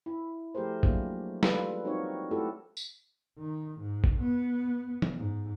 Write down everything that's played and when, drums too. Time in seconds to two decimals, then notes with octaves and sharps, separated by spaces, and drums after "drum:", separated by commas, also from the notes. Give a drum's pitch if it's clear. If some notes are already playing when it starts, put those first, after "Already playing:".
0.06 E4
0.55 F3 A3 G4 G#4 A#4 C5
0.83 F#3 A#3 D4, drum: kick
1.43 E3 G3 G#3 F4 A4 B4, drum: snare
1.84 C4 D#4 F#4 G4 A#4 C#5
2.31 A3 E4 F#4 G4 A4
2.77 drum: tambourine
3.39 D#3
3.81 G#2
4.04 drum: kick
4.20 B3
5.02 drum: tom E3
5.17 G#2